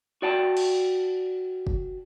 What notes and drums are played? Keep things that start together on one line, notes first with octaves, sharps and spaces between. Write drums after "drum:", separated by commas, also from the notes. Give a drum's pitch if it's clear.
F#4 D5 G5 A5
drum: cymbal
drum: kick